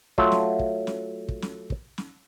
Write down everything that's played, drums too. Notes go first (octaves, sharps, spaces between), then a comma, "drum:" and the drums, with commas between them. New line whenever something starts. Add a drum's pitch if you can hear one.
F#3 A3 F4, drum: kick
drum: snare
drum: kick
drum: snare
drum: kick
drum: snare
drum: kick
drum: snare